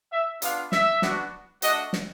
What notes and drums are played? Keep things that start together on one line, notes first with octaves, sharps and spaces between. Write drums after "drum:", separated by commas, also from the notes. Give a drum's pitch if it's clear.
E5
B3 D4 F4 F5, drum: hi-hat
E5, drum: snare
B3 D4 F#4, drum: snare
A3 D4 F#4 D#5, drum: hi-hat
drum: snare